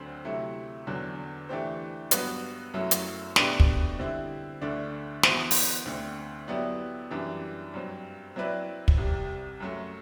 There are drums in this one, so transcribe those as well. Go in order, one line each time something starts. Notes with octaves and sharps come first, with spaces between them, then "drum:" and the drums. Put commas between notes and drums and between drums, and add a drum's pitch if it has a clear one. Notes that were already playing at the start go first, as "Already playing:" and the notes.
Already playing: D2 D3 F#3 C4
C3 F#3 A3 E4
E2 D3 F#3
E3 A3 D4 G4 C5
G2 F#3 B3 F#4 B4, drum: hi-hat
F#2 F#3 A3 E4
drum: hi-hat
B2 A3 D4 G4 B4, drum: snare
drum: kick
D3 G3 C4 E4
D2 D3 A3 D4
E3 B3 F#4 C5, drum: snare
drum: open hi-hat
D2 D3 A3 C4
F#3 B3 E4 G4 D5
F#2 E3 G3 D4
G2 F#3 C4
F#3 C4 E4 B4 D5
drum: kick
C2 C3 G3
F#2 F#3 A3